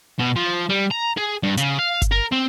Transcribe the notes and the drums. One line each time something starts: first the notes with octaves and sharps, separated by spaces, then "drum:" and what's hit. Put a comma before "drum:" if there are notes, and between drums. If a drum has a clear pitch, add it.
B2
F3
G3
A#5
G#4
G2
C#3, drum: hi-hat
F5
drum: kick G1, hi-hat
A#4
C4